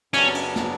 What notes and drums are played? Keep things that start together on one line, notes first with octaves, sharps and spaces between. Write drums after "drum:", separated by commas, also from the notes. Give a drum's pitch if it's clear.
F#2 C#3 F#3 B3 C#4 D4, drum: cymbal
drum: cymbal
drum: snare